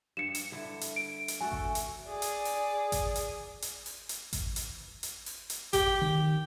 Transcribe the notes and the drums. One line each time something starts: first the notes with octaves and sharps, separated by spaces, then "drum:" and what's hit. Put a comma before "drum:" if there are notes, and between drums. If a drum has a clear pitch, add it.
G2 C#7 E7
drum: hi-hat
D3 E4
drum: hi-hat
D7
drum: hi-hat
A3 F#4 A4 G#5
drum: kick G#1
drum: hi-hat
G#4 D5
drum: hi-hat
drum: open hi-hat
drum: kick G#1, hi-hat
drum: hi-hat
drum: hi-hat
drum: open hi-hat
drum: hi-hat
drum: kick G#1, hi-hat
drum: hi-hat
drum: hi-hat
drum: open hi-hat
drum: hi-hat
G4, drum: kick G#1, hi-hat
D#3